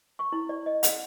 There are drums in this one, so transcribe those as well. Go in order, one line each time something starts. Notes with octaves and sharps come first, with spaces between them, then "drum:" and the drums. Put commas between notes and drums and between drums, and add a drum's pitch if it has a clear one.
C#6
E4
D5
D#5
F#5, drum: hi-hat